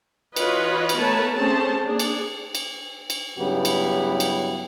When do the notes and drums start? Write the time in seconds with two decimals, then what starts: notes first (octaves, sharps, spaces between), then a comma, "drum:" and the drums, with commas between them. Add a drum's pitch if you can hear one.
0.36 E3 F4 F#4 B4 C#5 D#5, drum: cymbal
0.89 drum: cymbal
0.99 A3 B3 A#4 B4 C#5 A5
1.37 A3 C4 C#4 G#4 C5 A5
1.82 A#3 D4 G#4
1.99 drum: cymbal
2.55 drum: cymbal
3.10 drum: cymbal
3.37 G2 C#3 F#3 B3 E4 G4
3.65 drum: cymbal
4.20 drum: cymbal